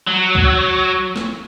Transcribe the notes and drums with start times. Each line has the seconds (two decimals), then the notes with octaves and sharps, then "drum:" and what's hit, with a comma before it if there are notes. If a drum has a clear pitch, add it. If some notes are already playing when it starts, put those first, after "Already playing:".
0.07 F#3
0.35 drum: kick C2
1.16 drum: snare